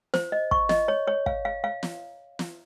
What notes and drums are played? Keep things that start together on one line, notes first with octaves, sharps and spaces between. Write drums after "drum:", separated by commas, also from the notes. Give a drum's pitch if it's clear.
C5, drum: snare
D#5
C#6, drum: kick
D#5, drum: snare
C#5
C#5
F5, drum: kick
F5
F5
drum: snare
drum: snare